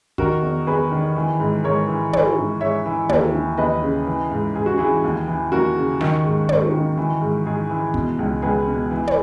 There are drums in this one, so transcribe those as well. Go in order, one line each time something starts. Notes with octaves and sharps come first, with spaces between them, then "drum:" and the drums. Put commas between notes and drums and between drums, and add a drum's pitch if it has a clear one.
D#3 F#4 A#4, drum: kick
E2
E2 G#4 B4
D#3
E3
G#2
G#2 A#4 C#5
E3
E3, drum: tom
G#2
G#2 C#5 E5
E3
D#2, drum: tom
E3
D#2 B4 D#5
C#3
E3
G#2
G#2 G#4
F#4
E3 G#4
D#2
E3
D#2 F#4 A#4
C#3
D#3, drum: snare
G#2
G#2, drum: tom
D#3
E3
G#2
G#2 G#4
E3
B2, drum: kick
C#2
C#2 G#4 B4
B2
E3
drum: tom